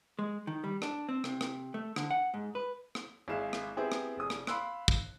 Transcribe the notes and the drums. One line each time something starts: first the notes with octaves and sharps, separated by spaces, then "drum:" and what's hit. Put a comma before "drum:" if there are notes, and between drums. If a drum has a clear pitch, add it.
G#3
D#3
G3
D4, drum: rim click
C4
C3, drum: rim click
drum: rim click
A3
D3, drum: rim click
F#5
G#2
B4
drum: rim click
G#1 G#3 E4 G#4 F5 E7
drum: rim click
B3 C4 E4 G4 G#4 C5
drum: rim click
F1 G#4 D#6
drum: rim click
F5 B5 C6 E6 F#6, drum: rim click
drum: kick